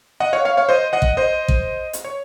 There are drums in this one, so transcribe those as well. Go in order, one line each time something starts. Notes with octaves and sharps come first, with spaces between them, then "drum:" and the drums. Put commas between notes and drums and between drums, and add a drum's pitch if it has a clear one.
D#5 F#5
C#5 F5
C#5 F5
C#5 F5
C5 D#5
D#5 F#5
drum: kick
C5 D#5
drum: kick
drum: hi-hat
C#5